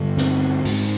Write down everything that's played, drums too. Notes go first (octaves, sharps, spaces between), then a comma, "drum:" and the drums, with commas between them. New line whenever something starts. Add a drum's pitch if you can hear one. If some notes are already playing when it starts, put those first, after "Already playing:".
Already playing: G2 D3
C4, drum: snare
G#2, drum: open hi-hat